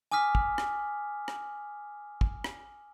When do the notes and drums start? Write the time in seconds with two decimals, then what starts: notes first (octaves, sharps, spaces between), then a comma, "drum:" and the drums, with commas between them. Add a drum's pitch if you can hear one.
0.12 G#5 D6 D#6 F6 B6
0.35 drum: kick
0.58 drum: rim click
1.28 drum: rim click
2.21 drum: kick
2.44 drum: rim click